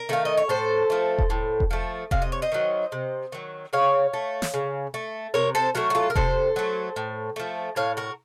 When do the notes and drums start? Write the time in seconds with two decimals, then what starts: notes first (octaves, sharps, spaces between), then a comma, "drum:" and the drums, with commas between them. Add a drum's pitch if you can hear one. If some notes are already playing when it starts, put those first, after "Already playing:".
Already playing: A#4
0.09 D#3 A3 F5
0.25 D#5
0.38 C#5
0.49 A2 A4 C5
0.90 F3 A3
1.18 drum: kick E1
1.30 A2
1.60 drum: kick E1
1.71 F3 A3
2.11 C3 F5, drum: kick E1
2.22 D#5
2.32 C#5
2.42 C5 D#5
2.52 D#3 F#3
2.92 C3
3.32 D#3 F#3
3.73 C#3 C#5 F5
4.14 A3
4.42 drum: snare
4.54 C#3
4.94 A3
5.34 C3 A#4 C#5
5.55 A4 C5
5.75 F#3 A3 F#4 A#4
5.90 F#4
5.95 F4 A4
6.10 A#4
6.15 C3 A4 C5, drum: kick E1
6.56 F#3 A3
6.96 A2
7.36 F3 A3
7.76 A2 C#5 F5
7.97 F#4 A#4